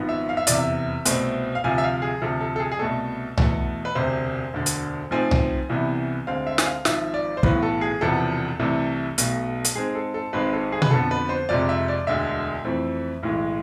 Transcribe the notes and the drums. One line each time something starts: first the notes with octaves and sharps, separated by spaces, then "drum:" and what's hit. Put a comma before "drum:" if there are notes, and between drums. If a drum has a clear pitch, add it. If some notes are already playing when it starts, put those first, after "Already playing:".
Already playing: G#1 G#2 F3 B3
E5
F5
E5
F1 E2 C3 D5, drum: hi-hat
E5
C2 B2 A3 C4, drum: hi-hat
F5
D2 C3 F3 G#5
E5
F5
G#4
D2 C3 F3 A4
A4
A4
G#4
G#4
C2 B2 A3 A4
E2 B2 A3, drum: tom C2
B4
E1 D2 C3 C5
E1 D2 D3
drum: hi-hat
G#2 F3 A3 C4 G#5
drum: tom C2
C2 C3 E3 B3
D2 D3 G#3 C4 F5
E5
G#5, drum: snare
F5
G#1 G#2 F3 E5, drum: snare
D5
C5
B1 A2 E3 B3 B4, drum: kick
A4
G#4
E1 E2 C3 F3 B3 A4
C2 C3 E3 A3
B1 B2 A3, drum: hi-hat
drum: hi-hat
G#2 G#3 C4 G#4
A4
A4
G#1 G#2 G#3 C4 B4
A4
G#4
B4, drum: tom B2
F2 D3 F3 B3 A4
B4
C5
F1 F2 C3 G#3 D5
E5
D5
E1 D2 D3 G#3 E5
F2 E3 A3 C4
B1 A2 E3 G#3